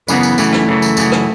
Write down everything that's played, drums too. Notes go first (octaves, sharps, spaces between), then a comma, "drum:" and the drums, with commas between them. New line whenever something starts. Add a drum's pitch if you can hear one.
F#2 C#3 E3 B3, drum: tambourine
drum: tambourine
F#2 C#3 E3 A3, drum: tambourine
drum: rim click
F#2 C#3 E3
drum: tambourine
F#2 C#3 E3, drum: tambourine
drum: rim click